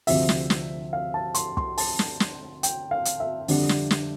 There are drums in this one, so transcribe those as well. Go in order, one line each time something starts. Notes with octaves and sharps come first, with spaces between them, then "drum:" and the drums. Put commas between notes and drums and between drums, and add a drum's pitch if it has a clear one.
D2 C3 F3 C4 E5, drum: open hi-hat
drum: snare
drum: snare
F5
A5
C6, drum: hi-hat
C6, drum: kick
A5, drum: open hi-hat
drum: snare
drum: snare
G5, drum: hi-hat
F5
drum: hi-hat
E5
F2 D3 G3 D4, drum: open hi-hat
drum: snare
drum: snare